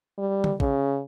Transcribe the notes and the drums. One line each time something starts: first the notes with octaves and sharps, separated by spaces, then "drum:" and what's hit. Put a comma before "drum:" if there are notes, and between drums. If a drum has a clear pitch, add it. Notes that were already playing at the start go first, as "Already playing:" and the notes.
G3
drum: tom D3
C#3, drum: kick